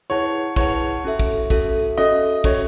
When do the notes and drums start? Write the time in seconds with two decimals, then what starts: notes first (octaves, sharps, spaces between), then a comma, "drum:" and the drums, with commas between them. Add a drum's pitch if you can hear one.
0.10 E4 G#4 B4 C#5 F#5 A5
0.56 E4 G#4 B4 C#5 F#5 A5, drum: kick
1.04 C#4 F#4 A4 E5
1.19 drum: kick
1.50 C#4 F#4 A4 E5, drum: kick
1.98 C#4 F#4 A4 D#5 E5
2.44 C#4 F#4 A4 C#5 E5, drum: kick